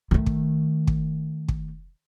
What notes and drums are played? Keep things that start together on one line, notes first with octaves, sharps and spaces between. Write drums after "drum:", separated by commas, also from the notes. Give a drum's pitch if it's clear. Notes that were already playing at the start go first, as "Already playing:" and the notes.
D#3 A3
drum: kick
drum: kick
drum: kick